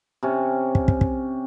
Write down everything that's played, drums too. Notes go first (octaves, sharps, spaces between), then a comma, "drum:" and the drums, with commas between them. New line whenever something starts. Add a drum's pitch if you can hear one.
C3 C#4
drum: kick
drum: kick
drum: kick